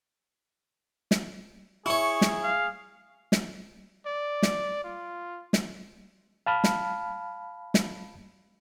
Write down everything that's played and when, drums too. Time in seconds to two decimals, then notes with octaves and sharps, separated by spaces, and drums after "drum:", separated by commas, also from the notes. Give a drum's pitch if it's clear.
1.11 drum: snare
1.86 E4 G#4 C#5 C#6
2.21 drum: snare
2.43 F5
3.32 drum: snare
4.06 D5
4.43 drum: snare
4.84 F4
5.53 drum: snare
6.46 F5 A5 B5 F6
6.64 drum: snare
7.74 drum: snare